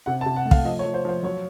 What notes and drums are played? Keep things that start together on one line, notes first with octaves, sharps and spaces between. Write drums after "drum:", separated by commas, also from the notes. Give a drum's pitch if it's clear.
C3 F#5
A5
C3
F#5
A3
F5, drum: kick
F3 D#5
C#5
F3
C5
F3 C5
F#3 C#5